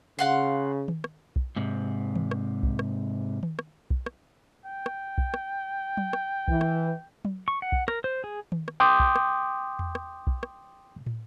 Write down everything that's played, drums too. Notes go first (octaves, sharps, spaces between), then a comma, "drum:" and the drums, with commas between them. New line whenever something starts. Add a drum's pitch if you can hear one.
C#3 F5 F#5 C6
drum: tom D#3
drum: rim click
drum: kick
G#2 C3
drum: tom D#3
drum: rim click
drum: kick
drum: rim click
drum: tom D#3
drum: rim click
drum: kick
drum: rim click
G5
drum: rim click
drum: kick
drum: rim click
drum: tom F#3
drum: rim click
E3, drum: kick
drum: rim click
drum: tom F#3
C#6
F#5
drum: kick
A#4, drum: rim click
C5
G#4
drum: tom D#3
drum: rim click
G5 C6 D6 D#6 G6
drum: kick
drum: rim click
drum: tom E2
drum: rim click
drum: kick
drum: rim click
drum: tom